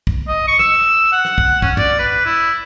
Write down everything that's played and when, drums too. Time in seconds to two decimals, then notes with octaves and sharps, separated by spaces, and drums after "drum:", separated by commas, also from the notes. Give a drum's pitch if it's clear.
0.07 drum: kick
0.28 D#5
0.48 C#6
0.59 E6, drum: rim click
1.12 F#5
1.25 drum: rim click
1.38 drum: kick
1.62 C#4, drum: kick
1.77 D5, drum: tom
1.99 B4
2.25 E4